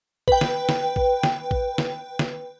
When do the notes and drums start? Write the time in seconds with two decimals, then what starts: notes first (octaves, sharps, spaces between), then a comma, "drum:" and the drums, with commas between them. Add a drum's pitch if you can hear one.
0.28 B4 G5, drum: kick
0.41 drum: snare
0.69 drum: snare
0.96 drum: kick
1.23 drum: snare
1.51 drum: kick
1.78 drum: snare
2.19 drum: snare